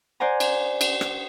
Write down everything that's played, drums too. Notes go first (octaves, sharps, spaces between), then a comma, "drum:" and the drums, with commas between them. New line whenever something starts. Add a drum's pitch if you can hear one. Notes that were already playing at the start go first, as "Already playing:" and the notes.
C5 D5 F#5 G#5 A#5
drum: cymbal
drum: cymbal
drum: rim click